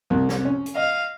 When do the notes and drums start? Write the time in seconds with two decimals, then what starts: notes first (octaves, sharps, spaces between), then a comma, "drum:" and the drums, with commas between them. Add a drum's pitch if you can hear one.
0.10 C2
0.29 drum: snare
0.45 C#4
0.66 drum: hi-hat
0.75 D#5 F5